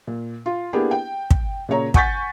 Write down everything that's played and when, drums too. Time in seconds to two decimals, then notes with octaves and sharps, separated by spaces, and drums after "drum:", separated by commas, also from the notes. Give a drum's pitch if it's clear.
0.07 A#2
0.46 F4
0.73 A#3 B3 D4 E4 G4 G#4
0.91 G5
1.31 drum: kick
1.69 A#2 C#3 C#5 A#5
1.94 F#5 G#5 C#6 G6 A6 B6, drum: kick